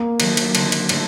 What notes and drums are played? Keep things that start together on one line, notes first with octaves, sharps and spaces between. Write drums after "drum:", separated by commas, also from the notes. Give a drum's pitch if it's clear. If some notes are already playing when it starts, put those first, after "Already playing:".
Already playing: A#3 C4
D#3 F#3 A3, drum: cymbal
drum: cymbal
D3 F#3 A3 C4, drum: cymbal
drum: cymbal
D3 F#3 A3 C4, drum: cymbal